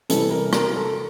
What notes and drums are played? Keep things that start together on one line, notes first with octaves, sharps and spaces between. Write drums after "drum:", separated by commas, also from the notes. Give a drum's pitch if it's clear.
C3 E3 G3 A4, drum: hi-hat
A#4
A#4, drum: rim click
A4